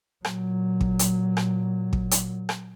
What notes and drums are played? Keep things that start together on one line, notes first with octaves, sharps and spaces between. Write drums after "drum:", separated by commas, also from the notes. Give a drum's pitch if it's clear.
A#2 F#3, drum: rim click
drum: kick
drum: hi-hat
drum: rim click
drum: kick
drum: hi-hat
drum: rim click